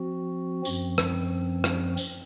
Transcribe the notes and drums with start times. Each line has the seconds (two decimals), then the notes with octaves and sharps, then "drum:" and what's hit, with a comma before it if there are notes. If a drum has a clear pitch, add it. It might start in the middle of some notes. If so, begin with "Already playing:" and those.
Already playing: F3 C4 F#4
0.65 F#2 F3 C4, drum: tambourine
0.98 drum: rim click
1.64 drum: rim click
1.97 drum: tambourine